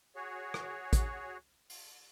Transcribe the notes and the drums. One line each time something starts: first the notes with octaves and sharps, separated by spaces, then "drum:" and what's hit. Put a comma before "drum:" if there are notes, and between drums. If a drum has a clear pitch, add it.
F#4 G#4 C#5
drum: rim click
drum: kick, hi-hat
drum: open hi-hat